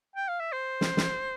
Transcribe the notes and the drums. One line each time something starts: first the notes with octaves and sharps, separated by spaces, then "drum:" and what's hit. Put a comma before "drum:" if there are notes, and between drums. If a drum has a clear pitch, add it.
G5
F5
E5
C5
drum: snare
drum: snare